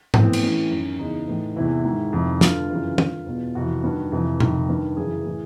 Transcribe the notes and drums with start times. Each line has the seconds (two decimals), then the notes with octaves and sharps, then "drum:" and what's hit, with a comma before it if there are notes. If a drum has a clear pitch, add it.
0.14 A2 E3 C4, drum: tom G#2
0.23 B3
0.33 C4, drum: cymbal
0.42 A2 E3 C#4
0.71 F#2 D#3
0.99 E2 C#3 E3 D#4
1.28 A2 E3
1.56 E2 C3 E3 E4
1.84 G#2 D#3
2.13 F2 C3 D#3
2.41 G2 D3 F4, drum: snare
2.70 F#2 C#3 E3
2.98 G2 D3, drum: tom
3.26 E2 B2
3.55 F2 C3 E3 F#4
3.83 G2 D#3
4.12 F2 C3 E3
4.40 F2 C3 D#3, drum: tom A#2
4.69 G2 D#3
4.97 F#2 C#3 E3 G#4
5.25 A2 E3